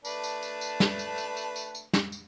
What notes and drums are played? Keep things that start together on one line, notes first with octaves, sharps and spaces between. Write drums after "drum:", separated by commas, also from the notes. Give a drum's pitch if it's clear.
A3 D4 B4, drum: tambourine
drum: tambourine
drum: tambourine
drum: tambourine
drum: snare
drum: tambourine
drum: tambourine
drum: tambourine
drum: tambourine
drum: tambourine
drum: snare
drum: tambourine